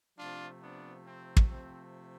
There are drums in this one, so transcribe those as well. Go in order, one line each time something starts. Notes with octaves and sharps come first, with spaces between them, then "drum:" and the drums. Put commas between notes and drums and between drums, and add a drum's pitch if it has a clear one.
C3 F3 A3 D4 F4
B3 D4
C4
drum: kick
C4